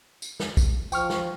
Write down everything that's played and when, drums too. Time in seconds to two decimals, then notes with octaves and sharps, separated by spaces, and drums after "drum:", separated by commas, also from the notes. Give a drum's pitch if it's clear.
0.22 drum: tambourine
0.40 drum: snare
0.57 drum: kick, tambourine
0.92 F3 G5 C#6 F6, drum: tambourine
1.10 drum: snare